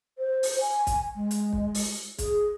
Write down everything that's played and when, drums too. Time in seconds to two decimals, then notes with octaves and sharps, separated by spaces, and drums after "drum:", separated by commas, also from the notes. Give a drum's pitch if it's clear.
0.18 C5
0.43 drum: open hi-hat
0.60 G#5
0.87 drum: kick, hi-hat
1.15 G#3
1.31 drum: hi-hat
1.53 drum: kick
1.75 drum: open hi-hat
2.18 G#4, drum: kick, hi-hat